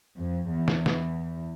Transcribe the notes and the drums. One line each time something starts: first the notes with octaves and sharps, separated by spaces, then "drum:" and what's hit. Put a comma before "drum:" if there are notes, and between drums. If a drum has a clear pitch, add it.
F2
E2
drum: snare
drum: snare